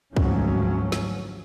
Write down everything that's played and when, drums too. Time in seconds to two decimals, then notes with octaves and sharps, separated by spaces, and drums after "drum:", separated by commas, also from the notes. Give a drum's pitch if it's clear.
0.17 G#1 D2 G#2 F3 F#3 C#4, drum: kick
0.92 drum: snare